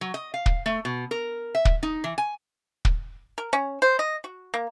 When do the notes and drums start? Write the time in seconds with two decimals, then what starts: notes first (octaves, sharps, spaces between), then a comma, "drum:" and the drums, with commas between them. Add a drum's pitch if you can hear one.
0.01 F#3
0.14 D#5
0.34 F5
0.46 drum: kick
0.66 A3
0.85 B2
1.11 A#4
1.55 E5
1.65 drum: kick
1.83 D#4
2.04 E3
2.18 G#5
2.85 drum: kick
3.38 A#4
3.53 C#4
3.82 C5
3.99 D#5
4.24 F#4
4.54 A#3